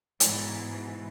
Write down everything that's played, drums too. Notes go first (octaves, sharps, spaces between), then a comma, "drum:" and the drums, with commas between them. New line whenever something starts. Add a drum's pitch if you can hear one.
G#2 B2 E3, drum: hi-hat